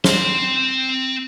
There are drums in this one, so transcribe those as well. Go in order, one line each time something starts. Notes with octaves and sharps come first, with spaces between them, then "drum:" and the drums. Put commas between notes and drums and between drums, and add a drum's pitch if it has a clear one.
C4 C6, drum: snare